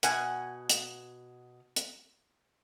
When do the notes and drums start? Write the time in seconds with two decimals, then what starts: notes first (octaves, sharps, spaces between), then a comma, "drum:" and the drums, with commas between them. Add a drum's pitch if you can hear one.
0.03 B2 F#5 G#5, drum: hi-hat
0.69 drum: hi-hat
1.76 drum: hi-hat